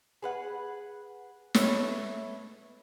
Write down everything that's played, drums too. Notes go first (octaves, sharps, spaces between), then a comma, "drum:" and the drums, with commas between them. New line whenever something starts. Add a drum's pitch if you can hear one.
G#4 B4 F#5
A4 B4 C#5 E5, drum: snare